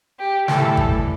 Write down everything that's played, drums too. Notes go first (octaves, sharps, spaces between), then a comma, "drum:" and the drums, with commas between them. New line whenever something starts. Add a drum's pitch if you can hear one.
G4
A2 E3 G3 A4, drum: snare
drum: kick